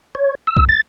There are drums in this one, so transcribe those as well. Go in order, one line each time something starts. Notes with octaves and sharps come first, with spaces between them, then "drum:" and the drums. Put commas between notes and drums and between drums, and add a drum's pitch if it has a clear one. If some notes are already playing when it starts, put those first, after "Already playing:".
C#5
E6
drum: kick B1
A6